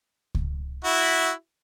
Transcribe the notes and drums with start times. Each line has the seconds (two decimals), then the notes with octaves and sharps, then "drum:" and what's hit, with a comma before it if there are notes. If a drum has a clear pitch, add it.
0.35 drum: kick C#2
0.84 E4 F#4 E5